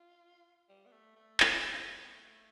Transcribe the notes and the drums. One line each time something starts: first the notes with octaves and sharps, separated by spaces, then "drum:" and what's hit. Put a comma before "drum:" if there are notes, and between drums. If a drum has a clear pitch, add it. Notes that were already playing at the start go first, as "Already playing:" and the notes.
Already playing: F4
G3
B3
A3
A3
B3, drum: clap
A3
C4
B3
A3